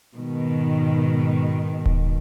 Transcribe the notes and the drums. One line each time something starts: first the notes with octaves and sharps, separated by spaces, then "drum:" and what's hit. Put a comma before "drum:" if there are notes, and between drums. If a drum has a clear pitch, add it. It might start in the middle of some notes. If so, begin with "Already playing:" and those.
G#2 B2 D#3
drum: kick D#1